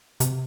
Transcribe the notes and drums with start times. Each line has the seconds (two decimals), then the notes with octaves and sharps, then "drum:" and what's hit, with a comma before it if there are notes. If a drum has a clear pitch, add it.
0.20 C3, drum: hi-hat